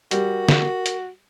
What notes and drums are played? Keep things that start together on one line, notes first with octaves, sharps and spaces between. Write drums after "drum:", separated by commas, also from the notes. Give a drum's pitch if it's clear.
G3 F#4 A#4, drum: hi-hat
drum: snare
drum: hi-hat